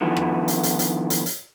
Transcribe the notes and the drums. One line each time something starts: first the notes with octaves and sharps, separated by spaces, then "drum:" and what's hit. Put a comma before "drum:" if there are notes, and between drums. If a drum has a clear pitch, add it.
D3 D#3 F3 B3 E4
drum: rim click
drum: hi-hat
drum: hi-hat
drum: hi-hat
drum: hi-hat
drum: hi-hat